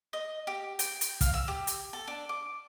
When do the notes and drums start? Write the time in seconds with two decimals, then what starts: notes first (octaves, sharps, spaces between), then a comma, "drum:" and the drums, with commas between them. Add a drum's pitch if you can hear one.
0.13 D#5
0.47 G4
0.79 G5, drum: hi-hat
1.01 drum: hi-hat
1.21 F5, drum: kick, hi-hat
1.34 E6
1.48 G4
1.67 drum: hi-hat
1.93 A4
2.08 D4
2.29 D6